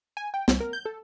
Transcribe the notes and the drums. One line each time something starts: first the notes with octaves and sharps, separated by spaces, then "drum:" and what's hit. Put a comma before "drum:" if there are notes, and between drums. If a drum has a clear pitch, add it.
G#5
G5
C2, drum: snare
A#4
G6
A4